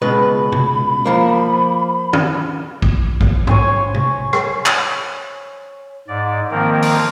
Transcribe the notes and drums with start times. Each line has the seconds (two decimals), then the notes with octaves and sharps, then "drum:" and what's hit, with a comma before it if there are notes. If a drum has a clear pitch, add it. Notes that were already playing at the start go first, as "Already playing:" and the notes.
0.02 C#2 B2 B4 B5
0.52 drum: tom C3
1.06 F3 A#3
2.13 drum: tom
2.82 drum: kick
3.21 drum: kick
3.47 C#5 G#5 C6, drum: tom G#2
3.94 drum: tom C3
4.33 drum: rim click
4.66 drum: clap
6.08 G#2 D5
6.51 D#3 F3 A#3 C4 A#4
6.82 drum: open hi-hat